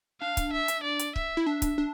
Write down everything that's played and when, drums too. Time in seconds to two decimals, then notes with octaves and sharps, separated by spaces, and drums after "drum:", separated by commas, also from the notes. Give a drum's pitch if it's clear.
0.21 D4 F5
0.37 drum: kick C#1, hi-hat
0.53 E5
0.68 drum: hi-hat
0.84 D5
0.99 drum: hi-hat
1.16 E5, drum: kick C#1
1.37 E4
1.46 D4 E5
1.62 drum: kick C#1, hi-hat
1.78 D4